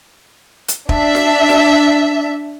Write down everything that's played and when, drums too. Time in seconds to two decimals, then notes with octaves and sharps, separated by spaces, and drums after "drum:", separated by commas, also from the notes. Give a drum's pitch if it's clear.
0.68 drum: hi-hat
0.89 D4 E5, drum: kick
1.15 drum: snare
1.49 drum: snare